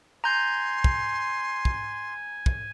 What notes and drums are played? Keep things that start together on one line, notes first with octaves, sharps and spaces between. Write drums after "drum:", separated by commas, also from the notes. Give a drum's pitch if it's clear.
G#5 A#5 C6 G6
drum: kick
drum: kick
drum: kick